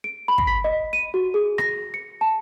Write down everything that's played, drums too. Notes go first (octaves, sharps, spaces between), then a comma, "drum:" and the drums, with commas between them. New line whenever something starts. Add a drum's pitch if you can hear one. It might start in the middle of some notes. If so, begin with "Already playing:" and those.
D7
B5
drum: kick
B6
D#5
D#7
F#4
G#4
A#6, drum: rim click
C#7
A5